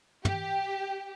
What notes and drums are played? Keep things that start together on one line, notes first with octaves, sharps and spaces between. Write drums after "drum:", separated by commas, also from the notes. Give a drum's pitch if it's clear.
G4, drum: tom